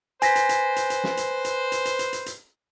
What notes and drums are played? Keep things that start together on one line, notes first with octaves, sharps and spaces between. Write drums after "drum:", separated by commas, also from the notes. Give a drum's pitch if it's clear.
B4 C5 G#5 A#6 B6, drum: hi-hat
drum: hi-hat
drum: hi-hat
drum: hi-hat
drum: hi-hat
drum: snare
drum: hi-hat
drum: hi-hat
drum: hi-hat
drum: hi-hat
drum: hi-hat
drum: hi-hat
drum: hi-hat